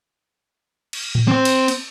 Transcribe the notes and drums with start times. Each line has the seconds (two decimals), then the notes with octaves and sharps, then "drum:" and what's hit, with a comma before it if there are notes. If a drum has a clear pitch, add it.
0.93 drum: cymbal
1.15 drum: tom A2
1.28 C4 C5
1.45 drum: cymbal
1.68 drum: cymbal